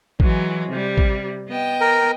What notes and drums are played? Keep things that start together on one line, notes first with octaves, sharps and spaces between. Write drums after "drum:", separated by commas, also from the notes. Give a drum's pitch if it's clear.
E3 F#3 G#3, drum: kick
C3 G3
drum: kick
B3 D#5 G5
A#4